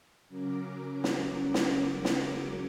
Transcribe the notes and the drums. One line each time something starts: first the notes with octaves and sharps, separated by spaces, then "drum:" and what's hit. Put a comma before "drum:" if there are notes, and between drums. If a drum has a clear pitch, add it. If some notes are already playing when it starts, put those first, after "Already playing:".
C#3 F#3 C#4 A#4 D6
drum: snare
drum: snare
drum: snare